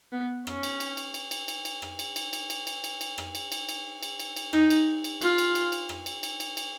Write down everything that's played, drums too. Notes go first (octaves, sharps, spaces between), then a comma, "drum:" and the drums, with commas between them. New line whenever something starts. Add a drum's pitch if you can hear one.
B3
C#4, drum: rim click
drum: cymbal
drum: cymbal
drum: cymbal
drum: cymbal
drum: cymbal
drum: cymbal
drum: cymbal
drum: rim click
drum: cymbal
drum: cymbal
drum: cymbal
drum: cymbal
drum: cymbal
drum: cymbal
drum: cymbal
drum: rim click
drum: cymbal
drum: cymbal
drum: cymbal
drum: cymbal
drum: cymbal
drum: cymbal
D#4, drum: rim click
drum: cymbal
drum: cymbal
F4, drum: cymbal
drum: cymbal
drum: cymbal
drum: cymbal
drum: rim click
drum: cymbal
drum: cymbal
drum: cymbal
drum: cymbal